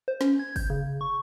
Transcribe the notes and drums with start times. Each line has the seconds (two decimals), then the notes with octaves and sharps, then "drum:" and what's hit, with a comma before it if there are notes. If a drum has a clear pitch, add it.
0.08 C5
0.21 C#4, drum: snare
0.39 G#6
0.56 G6, drum: kick G1, open hi-hat
0.70 C#3
1.01 C#6